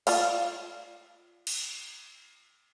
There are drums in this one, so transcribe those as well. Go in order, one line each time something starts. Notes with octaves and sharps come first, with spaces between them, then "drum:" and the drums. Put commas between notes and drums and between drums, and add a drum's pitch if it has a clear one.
F4 D5 F5, drum: cymbal
drum: cymbal